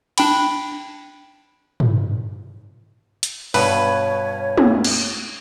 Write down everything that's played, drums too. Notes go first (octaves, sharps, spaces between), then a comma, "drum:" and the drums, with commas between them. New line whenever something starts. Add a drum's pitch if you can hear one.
D4 G5 B5, drum: cymbal
drum: tom
drum: hi-hat
G2 B2 B4 C#5, drum: open hi-hat
drum: tom
drum: cymbal